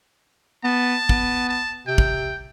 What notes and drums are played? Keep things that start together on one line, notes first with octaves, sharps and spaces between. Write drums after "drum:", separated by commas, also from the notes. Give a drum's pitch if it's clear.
B3 A5
B3, drum: kick
A5
C3 G5
drum: kick